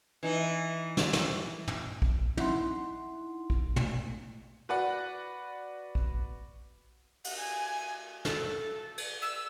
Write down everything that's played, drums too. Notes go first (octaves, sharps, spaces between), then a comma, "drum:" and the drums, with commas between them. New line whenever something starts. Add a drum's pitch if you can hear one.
E3 D#4
drum: snare
drum: snare
drum: tom
drum: kick A#1
D#4 E4 F#5 C6, drum: tom
drum: kick A#1
drum: tom
F#4 B4 D5 F#5
drum: kick A#1
F#5, drum: cymbal
G#5
A4, drum: snare
drum: cymbal
E6